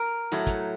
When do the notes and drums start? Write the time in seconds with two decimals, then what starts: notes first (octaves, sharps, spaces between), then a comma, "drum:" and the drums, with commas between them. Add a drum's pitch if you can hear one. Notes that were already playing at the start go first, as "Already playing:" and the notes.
Already playing: A#4
0.32 A2 F#3 A3, drum: hi-hat
0.47 drum: kick, hi-hat